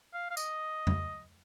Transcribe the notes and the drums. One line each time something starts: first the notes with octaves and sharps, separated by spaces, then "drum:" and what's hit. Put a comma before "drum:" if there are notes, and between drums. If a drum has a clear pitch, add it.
F5
F5
D#5, drum: tambourine
drum: tom F2